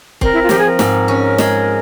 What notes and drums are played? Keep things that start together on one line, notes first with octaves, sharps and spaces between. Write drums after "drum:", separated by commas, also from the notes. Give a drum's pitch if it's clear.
C4 A#4, drum: kick
E4
F4
F3 G4, drum: snare
G#4
A#4
G#2, drum: snare
C#4
G#3, drum: snare